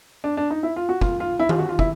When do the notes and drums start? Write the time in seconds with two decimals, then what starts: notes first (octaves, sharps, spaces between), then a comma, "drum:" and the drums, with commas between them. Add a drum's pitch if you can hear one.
0.24 D4
0.37 D4
0.50 D#4
0.63 E4
0.76 F4
0.89 F#4
1.01 F4, drum: kick
1.20 F4
1.39 E4
1.49 F4, drum: tom D#3
1.59 F#4
1.69 F4
1.79 E4, drum: kick